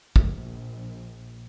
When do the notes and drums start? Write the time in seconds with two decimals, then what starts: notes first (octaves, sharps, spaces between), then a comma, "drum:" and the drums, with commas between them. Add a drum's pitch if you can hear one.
0.16 A#1, drum: kick